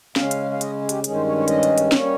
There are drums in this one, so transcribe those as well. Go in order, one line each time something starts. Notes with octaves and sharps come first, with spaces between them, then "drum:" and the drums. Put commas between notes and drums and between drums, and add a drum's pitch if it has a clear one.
C#3 G#3 C#4 F5, drum: snare
drum: hi-hat
F5
D#5, drum: hi-hat
G#4
G4, drum: hi-hat
G2 D#3 G#3 C#4 G#4, drum: hi-hat
C5
C#5
C#5
D#5, drum: hi-hat
drum: hi-hat
drum: hi-hat
G3 A#3 C#4 C#5, drum: snare